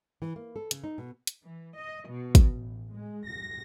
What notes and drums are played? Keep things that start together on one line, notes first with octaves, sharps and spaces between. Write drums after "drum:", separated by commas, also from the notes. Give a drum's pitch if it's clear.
E3
A#3
A4
C#3, drum: hi-hat
D#4
B2
drum: hi-hat
E3
D#5
B2
drum: kick, hi-hat
A1
G#3
A#6